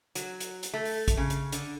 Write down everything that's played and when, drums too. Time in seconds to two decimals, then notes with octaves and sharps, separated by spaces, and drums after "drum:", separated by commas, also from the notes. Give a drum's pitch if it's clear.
0.15 F#3, drum: hi-hat
0.40 drum: hi-hat
0.63 drum: hi-hat
0.73 A3
0.85 drum: open hi-hat
1.08 drum: kick, hi-hat
1.17 C#3
1.30 drum: hi-hat
1.52 D3, drum: hi-hat